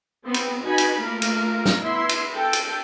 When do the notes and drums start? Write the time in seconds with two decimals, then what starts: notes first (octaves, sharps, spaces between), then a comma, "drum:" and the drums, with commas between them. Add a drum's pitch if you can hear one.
0.25 B3 C4
0.34 drum: cymbal
0.62 D#4 F#4 B4 G#5 B5
0.78 drum: cymbal
1.00 A3 A#3 F4 A#4
1.22 drum: cymbal
1.66 drum: snare
1.82 B3 E4 E5 C6
2.09 drum: cymbal
2.33 A4 G5
2.53 drum: cymbal